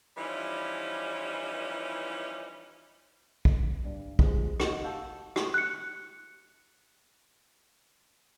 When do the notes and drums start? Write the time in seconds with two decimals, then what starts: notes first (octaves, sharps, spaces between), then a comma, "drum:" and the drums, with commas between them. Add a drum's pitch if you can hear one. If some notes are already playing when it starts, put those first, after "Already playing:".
0.17 E3 F3 G3 C#4 D#4 E4
3.45 drum: kick
3.85 G2
4.19 F3 G#3 C4 G4, drum: kick
4.60 D#4 F#4, drum: rim click
4.84 F5 F#5 A5 E6 G6
5.36 drum: rim click
5.54 F#6 C#7